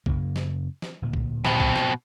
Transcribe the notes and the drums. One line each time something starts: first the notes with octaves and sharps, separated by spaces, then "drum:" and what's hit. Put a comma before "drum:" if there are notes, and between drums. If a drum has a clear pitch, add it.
F#2 C#3 A#3, drum: kick
drum: snare
drum: snare
D1 D2 A#2
drum: kick
B2 C4, drum: snare
drum: kick
drum: snare